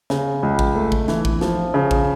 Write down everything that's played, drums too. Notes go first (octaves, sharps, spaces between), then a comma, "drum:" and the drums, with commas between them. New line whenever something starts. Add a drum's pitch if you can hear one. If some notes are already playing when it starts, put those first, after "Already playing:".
C#3, drum: snare
C#2
drum: kick
A3
drum: kick
E3, drum: snare
drum: kick
F3, drum: snare
C#3
drum: kick